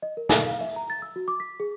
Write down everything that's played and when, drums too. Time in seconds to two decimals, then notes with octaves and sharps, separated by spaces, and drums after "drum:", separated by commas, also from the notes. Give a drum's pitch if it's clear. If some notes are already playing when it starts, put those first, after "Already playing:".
0.02 D#5
0.17 A#4
0.29 F#5, drum: snare
0.46 F5
0.61 E5
0.76 A#5
0.90 A6
1.02 E6
1.16 F#4
1.28 D6
1.40 B6
1.60 G#4